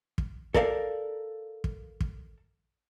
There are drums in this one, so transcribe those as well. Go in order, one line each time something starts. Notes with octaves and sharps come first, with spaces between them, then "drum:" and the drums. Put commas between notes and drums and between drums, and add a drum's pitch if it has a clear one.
drum: kick
A4 A#4 D5 F5, drum: kick
drum: kick
drum: kick